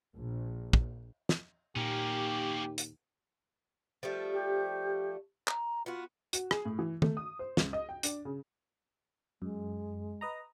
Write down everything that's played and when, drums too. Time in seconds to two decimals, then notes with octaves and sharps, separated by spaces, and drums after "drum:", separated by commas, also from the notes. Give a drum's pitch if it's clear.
0.15 A#1
0.73 drum: kick
1.29 drum: snare
1.76 D#2 A#2 A#3 C#4 G4
2.78 drum: hi-hat
4.03 F3 G3 A3
4.32 G4
5.48 A#5, drum: clap
5.86 B3 F4 F#4
6.33 F#4, drum: hi-hat
6.51 G#4, drum: rim click
6.65 A2
6.79 E3
7.02 A3, drum: tom
7.17 D#6
7.39 C5
7.57 C#2, drum: snare
7.73 D#5
7.89 G5
8.03 D4, drum: hi-hat
8.25 C#3
9.42 F#2 G#3
10.21 B4 D#5 A#5